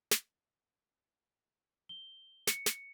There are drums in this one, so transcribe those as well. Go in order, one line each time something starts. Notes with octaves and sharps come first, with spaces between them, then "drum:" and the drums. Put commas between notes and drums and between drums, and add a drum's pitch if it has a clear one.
drum: snare
G7
C#7, drum: snare
drum: snare